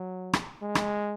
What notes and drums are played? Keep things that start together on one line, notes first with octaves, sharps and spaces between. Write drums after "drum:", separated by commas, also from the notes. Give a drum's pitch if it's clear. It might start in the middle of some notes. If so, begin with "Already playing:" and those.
Already playing: F#3
drum: rim click
G#3
drum: rim click